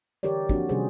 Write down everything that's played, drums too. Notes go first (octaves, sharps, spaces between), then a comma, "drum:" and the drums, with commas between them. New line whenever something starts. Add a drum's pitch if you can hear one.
D3 E3 G4 A#4 C#5 D5
F3 A#3 C4 D4 F#4, drum: kick
C3 D#3 G3 C#4 G#4 C5